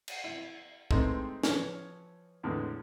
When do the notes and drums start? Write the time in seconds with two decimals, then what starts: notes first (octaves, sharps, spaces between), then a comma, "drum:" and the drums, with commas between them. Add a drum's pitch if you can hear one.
0.08 drum: cymbal
0.24 E4
0.91 E3 G#3 A3 C4 D#4, drum: kick
1.43 E3 F3 C#5 F6, drum: snare
2.43 E2 A2 D3 G#3 B4